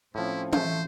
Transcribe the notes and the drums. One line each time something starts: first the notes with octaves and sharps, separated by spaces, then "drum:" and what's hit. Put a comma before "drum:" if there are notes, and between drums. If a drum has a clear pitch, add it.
A2 F3 C4 C#4 E4
A3 C5, drum: tom